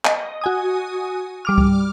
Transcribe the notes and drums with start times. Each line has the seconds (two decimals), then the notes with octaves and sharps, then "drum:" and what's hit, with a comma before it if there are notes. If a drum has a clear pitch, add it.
0.05 D#5, drum: clap
0.41 F#4 G#5 D#6
1.45 G3 D6 F6
1.58 drum: kick C#2